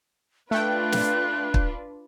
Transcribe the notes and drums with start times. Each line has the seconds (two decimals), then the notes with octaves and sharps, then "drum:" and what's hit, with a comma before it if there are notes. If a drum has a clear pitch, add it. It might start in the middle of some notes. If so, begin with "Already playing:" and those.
0.51 A3 D4 F4 B4 G5 F#6
0.92 drum: snare
1.54 drum: kick